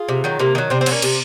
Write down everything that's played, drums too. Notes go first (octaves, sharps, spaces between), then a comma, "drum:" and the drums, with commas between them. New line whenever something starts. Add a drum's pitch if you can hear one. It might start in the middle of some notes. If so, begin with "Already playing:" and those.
Already playing: F4 G#4
C3
D#3 F#3
C3 A#3
D#3 F#3
C3 C4
C4
F#3, drum: cymbal
A#3 C#4
C3, drum: cymbal